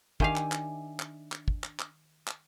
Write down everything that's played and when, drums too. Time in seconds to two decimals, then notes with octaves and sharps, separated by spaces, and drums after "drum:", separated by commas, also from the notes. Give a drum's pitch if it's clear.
0.20 D#3 D4 G4 E5 F5 G#5, drum: kick
0.36 drum: clap
0.52 drum: clap
1.00 drum: clap
1.32 drum: clap
1.48 drum: kick
1.64 drum: clap
1.80 drum: clap
2.27 drum: clap